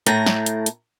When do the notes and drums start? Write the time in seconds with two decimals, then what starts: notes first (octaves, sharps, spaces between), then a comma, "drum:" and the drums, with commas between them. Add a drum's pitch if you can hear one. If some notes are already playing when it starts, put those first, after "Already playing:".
0.06 A2 A3 A#5, drum: hi-hat
0.26 drum: snare
0.46 drum: hi-hat
0.66 drum: hi-hat